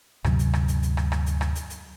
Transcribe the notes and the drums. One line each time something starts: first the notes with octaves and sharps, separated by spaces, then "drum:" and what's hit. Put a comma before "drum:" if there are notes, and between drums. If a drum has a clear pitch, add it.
D2 G2 C3 F#3, drum: rim click
drum: hi-hat
drum: rim click
drum: hi-hat
drum: hi-hat
drum: rim click
drum: rim click
drum: hi-hat
drum: rim click
drum: hi-hat
drum: hi-hat